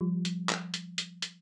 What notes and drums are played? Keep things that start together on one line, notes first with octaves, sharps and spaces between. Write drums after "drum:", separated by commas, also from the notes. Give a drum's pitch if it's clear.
F3 G3
drum: hi-hat
drum: clap
drum: hi-hat
drum: hi-hat
drum: hi-hat